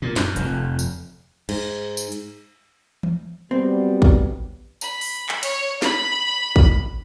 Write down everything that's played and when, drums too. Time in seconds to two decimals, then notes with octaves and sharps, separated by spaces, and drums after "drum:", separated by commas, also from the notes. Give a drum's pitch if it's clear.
0.02 A#2
0.16 F#2, drum: snare
0.36 F1 F2, drum: hi-hat
0.79 drum: tambourine
1.49 G#2, drum: cymbal
1.97 drum: tambourine
2.12 drum: hi-hat
3.03 drum: tom
3.51 F#3 G3 B3 C4
4.02 drum: kick
4.81 B5, drum: tambourine
5.01 drum: open hi-hat
5.29 drum: clap
5.43 C#5, drum: cymbal
5.82 B5, drum: snare
6.56 drum: kick